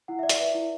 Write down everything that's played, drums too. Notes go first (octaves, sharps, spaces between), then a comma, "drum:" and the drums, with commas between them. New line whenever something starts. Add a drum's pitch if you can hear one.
E4 F#5
D5 E5
D5, drum: hi-hat
B4 E5
E4